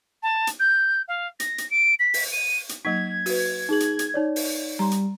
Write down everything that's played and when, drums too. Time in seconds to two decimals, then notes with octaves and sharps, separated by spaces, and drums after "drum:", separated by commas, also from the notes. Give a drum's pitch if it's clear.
0.23 A5
0.47 drum: hi-hat
0.60 G6
1.08 F5
1.40 A#6, drum: hi-hat
1.58 drum: hi-hat
1.71 D7
2.00 B6
2.14 drum: open hi-hat
2.32 D#7
2.69 drum: hi-hat
2.85 F#3 A#3 D#4 G#6 B6
3.26 F#4 B4, drum: open hi-hat
3.69 D#4 G#4 F#7
3.80 drum: hi-hat
3.99 drum: hi-hat
4.14 D#4 C#5 D5
4.36 drum: open hi-hat
4.79 G3 A#5 C6
4.91 drum: hi-hat